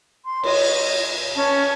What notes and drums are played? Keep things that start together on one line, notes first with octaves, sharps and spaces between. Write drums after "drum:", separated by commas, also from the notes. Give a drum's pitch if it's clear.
C6
C#5 D#5, drum: cymbal
C#4 A5